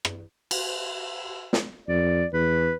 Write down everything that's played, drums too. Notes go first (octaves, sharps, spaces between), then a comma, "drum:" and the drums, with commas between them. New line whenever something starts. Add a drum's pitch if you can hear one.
drum: rim click
drum: cymbal
drum: snare
F2 D5
E2 B4